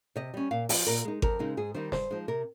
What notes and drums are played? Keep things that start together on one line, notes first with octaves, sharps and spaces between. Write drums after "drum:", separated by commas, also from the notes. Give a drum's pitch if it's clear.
C3 D#5
G3 C#4
A#2 F5
F3 C4 D#5, drum: open hi-hat
A#2 A#4
G#3 D#4
F2 A#4, drum: kick G#1
C#3 G#3 C4 D#4
G#2 G#4
D#3 G3 C4 D#4 C5
G2 C5, drum: snare
F3 G#3 D#4
C3 A#4